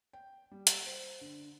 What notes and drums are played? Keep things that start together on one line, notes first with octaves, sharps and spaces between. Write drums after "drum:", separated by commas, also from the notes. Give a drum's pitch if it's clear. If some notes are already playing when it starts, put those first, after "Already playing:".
G5
G3
drum: hi-hat
C5
D3